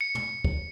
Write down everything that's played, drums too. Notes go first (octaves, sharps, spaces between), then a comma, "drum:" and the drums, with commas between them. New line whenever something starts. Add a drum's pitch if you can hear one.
C#7
drum: tom
drum: kick